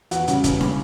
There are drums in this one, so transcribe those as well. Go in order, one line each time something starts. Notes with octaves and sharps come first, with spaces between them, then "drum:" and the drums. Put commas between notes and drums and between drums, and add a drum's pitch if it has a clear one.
E2 F#4, drum: hi-hat
C#3 G3 C#4, drum: hi-hat
E2, drum: kick, hi-hat
C#3 G3 C#4, drum: snare